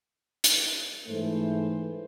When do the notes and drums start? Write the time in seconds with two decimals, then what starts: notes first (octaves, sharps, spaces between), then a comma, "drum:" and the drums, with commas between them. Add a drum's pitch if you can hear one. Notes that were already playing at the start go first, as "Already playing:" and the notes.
0.44 drum: hi-hat
1.08 G#2 E3 A3 C5